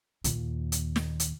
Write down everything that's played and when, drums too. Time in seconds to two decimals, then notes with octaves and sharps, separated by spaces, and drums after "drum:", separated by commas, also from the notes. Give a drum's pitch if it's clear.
0.24 D#2 A#2, drum: hi-hat
0.72 drum: hi-hat
0.96 drum: snare
1.20 drum: hi-hat